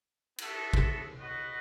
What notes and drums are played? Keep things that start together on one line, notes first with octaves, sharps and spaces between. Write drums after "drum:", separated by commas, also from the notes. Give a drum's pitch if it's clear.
B3 F#4 A4 E5, drum: cymbal
drum: kick
F#4 B4 D#5 F#5